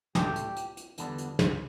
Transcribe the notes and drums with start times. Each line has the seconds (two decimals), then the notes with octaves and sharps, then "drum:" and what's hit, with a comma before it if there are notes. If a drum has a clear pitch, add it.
0.15 A2 A3 D4 G4, drum: snare
0.36 drum: hi-hat
0.57 drum: hi-hat
0.77 drum: hi-hat
0.98 E2 D3 G3 B3 D4, drum: hi-hat
1.18 drum: hi-hat
1.39 drum: snare